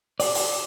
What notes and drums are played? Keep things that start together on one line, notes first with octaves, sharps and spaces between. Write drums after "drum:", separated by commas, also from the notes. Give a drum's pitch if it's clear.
D5, drum: open hi-hat
drum: open hi-hat